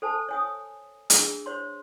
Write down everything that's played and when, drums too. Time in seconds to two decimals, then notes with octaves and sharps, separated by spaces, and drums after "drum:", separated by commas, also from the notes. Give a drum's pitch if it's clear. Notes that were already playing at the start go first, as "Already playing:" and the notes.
0.02 A4 C5 G#5 A5
0.29 C#5 G#5 D#6
1.10 D4 G#4 E6, drum: hi-hat
1.46 C5 C#5 C6